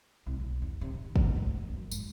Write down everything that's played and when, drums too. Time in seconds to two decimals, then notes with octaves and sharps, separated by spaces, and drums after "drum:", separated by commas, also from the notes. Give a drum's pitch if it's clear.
0.26 C2
0.40 B1
0.62 E2
0.81 C3
0.94 D#3
1.16 D#3, drum: kick
1.36 A2
1.57 F#1
1.77 F#2
1.92 G#2, drum: tambourine